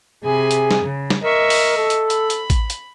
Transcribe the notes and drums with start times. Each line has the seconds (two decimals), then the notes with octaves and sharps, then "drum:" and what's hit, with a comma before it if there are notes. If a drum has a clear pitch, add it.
0.24 C3 G#4 G#5 B5
0.51 drum: hi-hat
0.71 drum: snare
0.84 C#3
1.10 drum: snare
1.23 A#4 D#5 E5 C#6
1.50 drum: open hi-hat
1.77 A4
1.90 drum: hi-hat
2.10 B5, drum: hi-hat
2.30 drum: hi-hat
2.50 drum: kick A1, hi-hat
2.70 drum: hi-hat